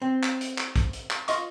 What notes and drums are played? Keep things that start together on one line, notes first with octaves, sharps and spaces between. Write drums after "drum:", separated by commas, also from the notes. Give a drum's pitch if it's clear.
C4
drum: clap
drum: hi-hat
drum: clap
drum: kick, hi-hat
drum: hi-hat
drum: clap
F4 D#5 C#6, drum: hi-hat